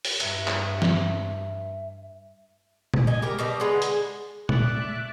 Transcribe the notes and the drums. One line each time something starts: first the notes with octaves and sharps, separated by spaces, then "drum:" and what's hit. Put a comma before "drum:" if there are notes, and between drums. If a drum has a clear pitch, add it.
drum: open hi-hat
G2 E5, drum: cymbal
drum: clap
drum: snare
drum: tom A#2
D#5 G#5
G4 A#4
B2 G3 D#5
D3 G#3 B3
G#4, drum: hi-hat
A3 D5 E5 F#6, drum: tom A#2